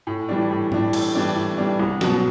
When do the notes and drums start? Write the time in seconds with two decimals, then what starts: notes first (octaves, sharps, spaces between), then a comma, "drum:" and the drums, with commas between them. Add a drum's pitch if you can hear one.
0.07 A2
0.29 E3 G3 D4
0.51 A2
0.72 E3 G3 D4, drum: tom G#2
0.93 A2, drum: cymbal
1.15 E3 G3 D4
1.36 A2
1.58 E3 G3 D4
1.79 C2
2.01 B2 F#3, drum: snare